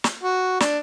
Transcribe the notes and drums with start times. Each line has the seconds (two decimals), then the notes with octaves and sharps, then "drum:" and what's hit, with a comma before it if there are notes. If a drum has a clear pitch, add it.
0.04 drum: snare
0.23 F#4
0.60 D4, drum: snare